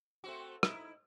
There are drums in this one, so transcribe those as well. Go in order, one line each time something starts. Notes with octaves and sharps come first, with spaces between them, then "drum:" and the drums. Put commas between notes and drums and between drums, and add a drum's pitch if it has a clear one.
A3 C4 F#4
D#4 E4, drum: rim click